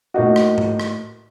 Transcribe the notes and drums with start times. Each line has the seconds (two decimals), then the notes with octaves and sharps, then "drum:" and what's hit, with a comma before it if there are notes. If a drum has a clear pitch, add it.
0.14 A2 A#3 D#4 F#4
0.36 drum: rim click
0.58 drum: tom G#2
0.80 drum: rim click